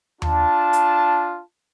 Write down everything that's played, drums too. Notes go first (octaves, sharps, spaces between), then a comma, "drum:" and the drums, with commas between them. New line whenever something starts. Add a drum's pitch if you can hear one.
D4 F4 A5, drum: tom D#2
drum: hi-hat